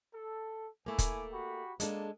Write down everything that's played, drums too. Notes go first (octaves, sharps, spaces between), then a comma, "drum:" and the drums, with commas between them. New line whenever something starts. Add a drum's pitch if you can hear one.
A4
A3 A#3 E4 G#5 D6
drum: kick, hi-hat
F#4 G4 B5
G#3 A#3 B3 D4 A4 A5, drum: hi-hat